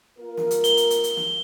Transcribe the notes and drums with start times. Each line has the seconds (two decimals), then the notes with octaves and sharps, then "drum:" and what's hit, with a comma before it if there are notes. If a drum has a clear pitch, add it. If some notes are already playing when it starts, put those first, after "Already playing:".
0.18 A#3 F4 A#4
0.37 drum: snare
0.51 drum: hi-hat
0.64 G7, drum: hi-hat
0.77 drum: hi-hat
0.90 drum: hi-hat
1.04 drum: hi-hat
1.17 drum: snare